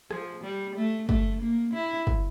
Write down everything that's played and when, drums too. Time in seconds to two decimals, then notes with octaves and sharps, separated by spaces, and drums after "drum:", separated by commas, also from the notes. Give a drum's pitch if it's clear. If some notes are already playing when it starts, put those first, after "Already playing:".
0.11 F3, drum: rim click
0.44 G3
0.76 A3
1.09 A3, drum: kick
1.41 A#3
1.74 E4
2.07 drum: kick